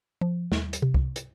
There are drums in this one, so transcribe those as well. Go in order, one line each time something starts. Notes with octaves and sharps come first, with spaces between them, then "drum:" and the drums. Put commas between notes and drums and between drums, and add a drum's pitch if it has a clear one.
F3
D#2, drum: snare
drum: hi-hat
C3
drum: kick
drum: hi-hat